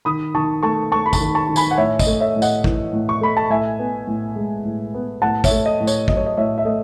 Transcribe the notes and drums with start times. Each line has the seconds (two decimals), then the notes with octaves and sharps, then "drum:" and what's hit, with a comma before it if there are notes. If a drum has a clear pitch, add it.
0.05 D#3 B5 D#6
0.35 D#3 A5 C#6
0.63 A3 A5 C#6
0.92 A3 A5 C#6
1.06 B5
1.13 A5 C#6, drum: kick, tambourine
1.21 D#3
1.35 A5 C#6
1.49 D#3
1.56 G#5 B5, drum: tambourine
1.71 F#5
1.78 A2 C#5 E5
1.99 D#5, drum: kick, tambourine
2.07 A3
2.20 C#5 E5
2.36 A2
2.42 D#5 F#5, drum: tambourine
2.64 E3, drum: kick
2.93 A2
3.09 C#6
3.21 A3 B5
3.37 A5
3.50 A2 E5 G#5
3.79 B3
4.07 A2
4.36 G#3
4.65 A2
4.94 B3
5.22 A2 F#5 A5
5.44 C#5 E5, drum: kick, tambourine
5.51 A3
5.66 D#5
5.80 A2
5.87 C#5, drum: tambourine
6.08 F#3 D#5, drum: kick
6.17 C#5
6.26 D#5
6.37 A2 C#5 E5
6.58 E5
6.65 A3 D#5